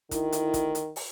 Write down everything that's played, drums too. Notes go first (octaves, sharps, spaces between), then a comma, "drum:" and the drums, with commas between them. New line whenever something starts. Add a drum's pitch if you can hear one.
D2 D#3 E4, drum: kick, hi-hat
drum: hi-hat
drum: kick, hi-hat
drum: hi-hat
drum: open hi-hat